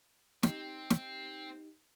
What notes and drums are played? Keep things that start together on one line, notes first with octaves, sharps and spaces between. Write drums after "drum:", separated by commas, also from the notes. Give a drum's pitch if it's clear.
C4 D#4 G4, drum: snare
drum: snare